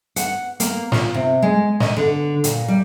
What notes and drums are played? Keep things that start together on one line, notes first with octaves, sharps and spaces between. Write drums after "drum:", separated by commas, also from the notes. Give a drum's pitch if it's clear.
F#5, drum: hi-hat
A#3, drum: hi-hat
F4, drum: snare
C3
G#3
D#5, drum: snare
D3
A#2, drum: hi-hat
G3